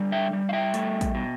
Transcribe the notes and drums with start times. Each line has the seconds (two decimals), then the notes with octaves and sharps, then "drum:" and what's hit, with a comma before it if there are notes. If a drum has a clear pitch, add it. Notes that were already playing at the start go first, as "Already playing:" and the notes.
Already playing: D3 G3
0.12 E5 G5
0.33 G3
0.49 F5
0.53 E5 G5
0.74 A3, drum: hi-hat
1.01 drum: kick A1, hi-hat
1.15 B2